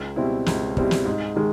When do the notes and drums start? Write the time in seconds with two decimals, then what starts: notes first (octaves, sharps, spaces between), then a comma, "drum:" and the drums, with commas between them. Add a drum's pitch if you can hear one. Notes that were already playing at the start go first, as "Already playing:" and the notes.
Already playing: C#2
0.16 B2 G3 C4 E4
0.46 C#2, drum: snare
0.77 B2 G3 C4 E4, drum: kick
0.91 drum: snare
1.05 G#2
1.36 D#3 G#3